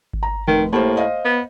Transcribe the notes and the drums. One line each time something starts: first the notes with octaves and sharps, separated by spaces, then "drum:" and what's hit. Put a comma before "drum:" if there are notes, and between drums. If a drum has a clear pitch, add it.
drum: kick G#1
A#5
F1 D#3
A2 A#3 G4 C5
C5 D#5 F5
B3